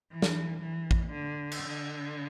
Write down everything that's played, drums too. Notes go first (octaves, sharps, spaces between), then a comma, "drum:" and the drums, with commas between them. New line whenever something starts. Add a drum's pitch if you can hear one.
E3
drum: snare
E3
drum: kick
D3
drum: cymbal
D3